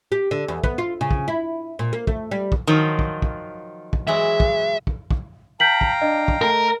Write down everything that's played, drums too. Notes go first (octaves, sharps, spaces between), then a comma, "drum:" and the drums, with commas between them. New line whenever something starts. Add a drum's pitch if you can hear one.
G4
D3
E2
B3, drum: kick
F4
C#3
drum: kick
E4
A#2
A#3
A3, drum: kick
G3
drum: kick
D#3 F3 F#3 F4
drum: kick
drum: kick
drum: kick
E3 F#3 G#3 E5
drum: kick
drum: kick
drum: kick
F5 G5 A5 A#5 G6 B6 F#7
drum: kick
D4 D#5
drum: kick
A3 A#4